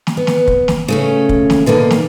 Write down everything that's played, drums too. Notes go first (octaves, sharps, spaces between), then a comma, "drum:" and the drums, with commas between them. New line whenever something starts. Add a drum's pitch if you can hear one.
drum: snare
B3
drum: snare
drum: kick
drum: snare
C#3 A3 C#4
drum: kick
drum: snare
B2 D3 D#3 A#3
drum: snare